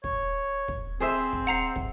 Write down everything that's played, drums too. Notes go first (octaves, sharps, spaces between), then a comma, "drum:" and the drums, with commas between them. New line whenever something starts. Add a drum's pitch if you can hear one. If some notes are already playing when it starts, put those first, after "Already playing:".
C#5, drum: kick
drum: kick
C4 G#4 C5 E5
drum: kick
F#5 A#5 C7
drum: kick